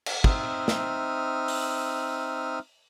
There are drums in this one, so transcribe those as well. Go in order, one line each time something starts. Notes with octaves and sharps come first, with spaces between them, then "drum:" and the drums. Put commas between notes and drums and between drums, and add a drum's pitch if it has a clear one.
drum: cymbal
C4 D#4 E5 D#6 F6, drum: kick
drum: snare
drum: open hi-hat